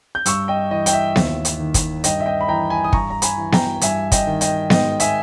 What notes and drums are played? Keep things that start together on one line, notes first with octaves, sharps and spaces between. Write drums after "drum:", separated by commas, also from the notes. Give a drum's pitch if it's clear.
G6
G2 C#6 E6, drum: hi-hat
D#5 G5
E3 D#5
G5, drum: hi-hat
E5
D#2, drum: snare B3
drum: hi-hat
D#3
drum: kick, hi-hat
G2 D#5 G5, drum: hi-hat
E5
D#5 G5
B5
E3 G5 A#5
G#5 B5
D#6
G2 A#5 C#6, drum: kick
A#5
G#5 B5, drum: hi-hat
E3
G5 A#5, drum: snare B3
G2 E5 G#5, drum: hi-hat
D#5 G5, drum: kick, hi-hat
D#3
D#5 G5, drum: hi-hat
G#2 D#5 G5, drum: snare B3
E5 G#5, drum: hi-hat